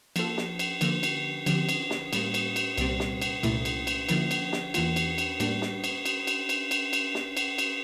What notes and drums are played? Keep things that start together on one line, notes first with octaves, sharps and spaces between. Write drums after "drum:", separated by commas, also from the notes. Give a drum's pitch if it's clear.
F3 A#3 F4 A4, drum: cymbal
drum: snare
drum: cymbal
D3 F3 A#3, drum: cymbal
drum: cymbal
D3 F3 C4 G4, drum: cymbal
drum: cymbal
drum: snare
A2 G3 A#3, drum: cymbal
drum: cymbal
drum: cymbal
C2 A#2 G3 C4, drum: cymbal
drum: snare
drum: cymbal
C2 A#2 A3 E4, drum: cymbal
drum: cymbal
drum: cymbal
D3 F3 A#3 E4, drum: cymbal
drum: cymbal
drum: snare
E2 E3 A#3 F4, drum: cymbal
drum: cymbal
drum: cymbal
A2 G3 A#3 D4, drum: cymbal
drum: snare
drum: cymbal
drum: cymbal
drum: cymbal
drum: cymbal
drum: cymbal
drum: cymbal
drum: snare
drum: cymbal
drum: cymbal